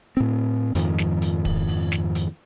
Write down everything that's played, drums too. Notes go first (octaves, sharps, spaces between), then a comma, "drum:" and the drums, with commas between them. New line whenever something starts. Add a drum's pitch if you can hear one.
A2 C4
F2 G#2 D#3 F3, drum: hi-hat
drum: snare
drum: hi-hat
drum: kick D1, open hi-hat
drum: open hi-hat
drum: snare
drum: hi-hat